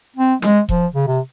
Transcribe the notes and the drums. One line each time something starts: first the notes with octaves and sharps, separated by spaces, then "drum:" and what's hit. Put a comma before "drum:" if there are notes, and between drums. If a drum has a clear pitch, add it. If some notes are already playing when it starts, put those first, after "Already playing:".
C4
G#3, drum: snare
F3, drum: kick E1
C#3
C3